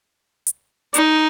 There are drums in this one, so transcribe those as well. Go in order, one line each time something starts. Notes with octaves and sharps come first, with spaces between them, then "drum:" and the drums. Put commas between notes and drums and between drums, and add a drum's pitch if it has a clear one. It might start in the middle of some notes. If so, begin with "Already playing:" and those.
drum: hi-hat
D#4, drum: hi-hat